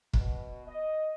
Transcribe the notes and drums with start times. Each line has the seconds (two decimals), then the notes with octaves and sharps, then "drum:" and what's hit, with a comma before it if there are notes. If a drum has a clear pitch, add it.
0.13 B2, drum: kick
0.66 D#5